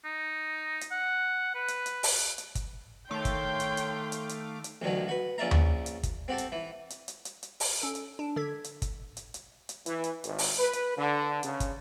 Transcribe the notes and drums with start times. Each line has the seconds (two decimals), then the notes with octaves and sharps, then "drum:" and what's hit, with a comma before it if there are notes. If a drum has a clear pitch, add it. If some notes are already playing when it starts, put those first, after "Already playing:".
0.05 D#4
0.81 drum: hi-hat
0.92 F#5
1.55 B4
1.68 drum: hi-hat
1.86 drum: hi-hat
2.03 drum: open hi-hat
2.38 drum: hi-hat
2.55 drum: kick, hi-hat
3.11 D#3 A3 C#5 F5 G5 C6 D6
3.25 drum: kick, hi-hat
3.60 drum: hi-hat
3.77 drum: hi-hat
4.12 drum: hi-hat
4.29 drum: hi-hat
4.64 drum: hi-hat
4.82 A1 D2 D3 D#3 F#3
5.08 F#4 B4
5.38 A#1 C#4 F4 D5 E5 A#5
5.51 drum: tom D#2
5.86 drum: hi-hat
6.03 drum: kick, hi-hat
6.28 C4 F#4 G4 A4
6.38 drum: hi-hat
6.52 E3
6.90 drum: hi-hat
7.08 drum: hi-hat
7.25 drum: hi-hat
7.43 drum: hi-hat
7.60 drum: open hi-hat
7.80 C#4 A4 D7
7.95 drum: hi-hat
8.19 D4
8.36 D3 A4 G#6 B6
8.64 drum: hi-hat
8.82 drum: kick, hi-hat
9.17 drum: hi-hat
9.34 drum: hi-hat
9.69 drum: hi-hat
9.86 E3, drum: hi-hat
10.04 drum: hi-hat
10.24 G#1, drum: hi-hat
10.38 drum: open hi-hat
10.57 B4
10.73 drum: hi-hat
10.97 D3
11.43 C#3, drum: hi-hat
11.60 drum: kick, hi-hat